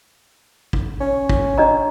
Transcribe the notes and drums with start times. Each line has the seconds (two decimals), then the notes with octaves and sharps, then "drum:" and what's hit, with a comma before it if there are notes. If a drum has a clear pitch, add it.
0.73 drum: kick
1.01 C#4
1.29 drum: kick
1.58 D4 D#5 A#5